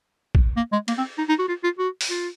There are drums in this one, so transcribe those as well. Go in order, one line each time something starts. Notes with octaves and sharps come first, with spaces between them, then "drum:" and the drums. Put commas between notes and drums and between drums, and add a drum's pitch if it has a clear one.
drum: kick
A#3
G#3
A#3, drum: cymbal
C4
D#4
D#4
F#4
F4
F4
F#4
drum: open hi-hat
F4